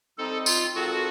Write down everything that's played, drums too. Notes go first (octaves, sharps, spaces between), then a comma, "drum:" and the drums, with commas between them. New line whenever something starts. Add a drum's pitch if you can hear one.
G3 C4 D#4 A4
F4, drum: tambourine
D#3 G#3 C4 F4 F#4 A4